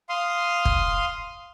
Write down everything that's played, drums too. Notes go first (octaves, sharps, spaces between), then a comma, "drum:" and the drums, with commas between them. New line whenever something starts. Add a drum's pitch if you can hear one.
F5 C6 D#6
drum: kick